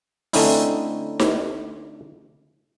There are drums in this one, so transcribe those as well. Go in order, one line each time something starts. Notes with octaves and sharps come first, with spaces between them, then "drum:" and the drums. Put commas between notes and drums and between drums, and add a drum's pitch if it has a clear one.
D3 A3 C4 C#4 D#4 E4, drum: open hi-hat
drum: snare D#4